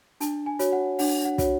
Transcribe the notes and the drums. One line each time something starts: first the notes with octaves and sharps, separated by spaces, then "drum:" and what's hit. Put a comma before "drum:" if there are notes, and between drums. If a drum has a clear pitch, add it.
D4 A5, drum: hi-hat
G#5
F#4 C#5, drum: hi-hat
F#5
D4 F#5, drum: open hi-hat
F#5
F#4 C#5, drum: kick, hi-hat